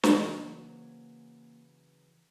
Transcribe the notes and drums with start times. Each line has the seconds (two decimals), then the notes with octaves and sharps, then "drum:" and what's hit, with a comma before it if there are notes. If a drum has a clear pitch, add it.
0.03 C#3 E3 F#3 A#3 C5 D#5, drum: snare